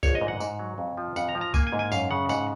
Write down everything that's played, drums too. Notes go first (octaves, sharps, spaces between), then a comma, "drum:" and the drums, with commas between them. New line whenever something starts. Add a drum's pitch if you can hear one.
A#1 C#5, drum: kick C2, tambourine
D#5
G#2
F#5
G#2, drum: tambourine
F#3
F2
F3
F2 F#5, drum: tambourine
A#5
F3
A#5
A#3 G#5, drum: kick C2, tambourine
G#5
G#2
G#5
F#2 F5, drum: tambourine
C#3 F#5
G#2 F#5, drum: tambourine